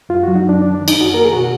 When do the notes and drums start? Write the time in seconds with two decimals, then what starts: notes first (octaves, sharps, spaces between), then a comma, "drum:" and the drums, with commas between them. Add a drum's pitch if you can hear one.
0.09 F#2 F4
0.23 F#4
0.28 F#3
0.36 D#4
0.45 F#2 D4
0.62 D#3 D4
0.75 D4
0.80 D#3
0.88 D#4, drum: cymbal
0.97 F#2 F#4
1.14 A#3 A#4
1.24 G#4
1.32 B2 F#4